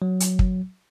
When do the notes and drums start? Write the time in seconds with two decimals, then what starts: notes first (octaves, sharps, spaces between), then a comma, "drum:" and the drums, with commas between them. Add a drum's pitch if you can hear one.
0.02 F#3
0.20 drum: hi-hat
0.39 drum: kick